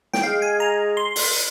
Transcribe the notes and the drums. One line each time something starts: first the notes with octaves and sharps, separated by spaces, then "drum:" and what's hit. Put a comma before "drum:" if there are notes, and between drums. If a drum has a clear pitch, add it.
G5, drum: snare
G#3 F5
G#5
A#5
C6
drum: open hi-hat